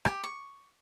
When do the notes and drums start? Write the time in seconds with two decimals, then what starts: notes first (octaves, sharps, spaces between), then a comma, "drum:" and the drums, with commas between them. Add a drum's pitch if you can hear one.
0.05 G4, drum: rim click
0.24 C#6